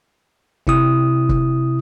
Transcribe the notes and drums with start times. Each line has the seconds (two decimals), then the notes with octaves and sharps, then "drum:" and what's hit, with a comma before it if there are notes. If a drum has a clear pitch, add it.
0.67 C3 E4 D#6, drum: kick
1.29 drum: kick